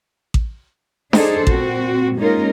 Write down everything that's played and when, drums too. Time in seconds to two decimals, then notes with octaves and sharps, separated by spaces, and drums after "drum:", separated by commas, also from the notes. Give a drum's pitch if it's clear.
0.34 drum: kick A1
1.13 D4 D#4 G#4 A4 C5, drum: snare D4
1.47 A#2 C4 F#4, drum: kick A1
2.16 G#3 A#3 C#4 D#4 F4 A#4